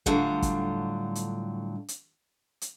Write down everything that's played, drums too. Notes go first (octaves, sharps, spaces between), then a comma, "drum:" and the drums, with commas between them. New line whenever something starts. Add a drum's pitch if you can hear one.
A2 D3 F#3 G3 F4, drum: kick
drum: kick, hi-hat
drum: hi-hat
drum: hi-hat
drum: hi-hat